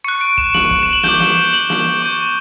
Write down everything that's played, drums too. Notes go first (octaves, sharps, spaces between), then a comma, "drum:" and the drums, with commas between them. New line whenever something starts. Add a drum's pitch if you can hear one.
C#6 F#6 C#7
D7
E7, drum: kick
F#7, drum: snare
drum: kick
E7
F#7
D6 G6 G7, drum: snare
drum: snare
F#7
drum: snare
C#6 G6